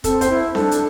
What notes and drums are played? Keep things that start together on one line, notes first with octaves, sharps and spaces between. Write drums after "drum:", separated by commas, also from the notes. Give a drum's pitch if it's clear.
C4 A4, drum: kick, hi-hat
C5, drum: hi-hat
E4
D4 E4 A4, drum: snare C4
drum: hi-hat